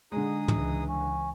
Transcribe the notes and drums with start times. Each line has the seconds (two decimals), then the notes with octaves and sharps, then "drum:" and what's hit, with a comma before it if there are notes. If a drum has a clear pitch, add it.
0.12 D3 G#3 D#4 G#4 D#6
0.48 C#2 E3, drum: tom
0.88 C#4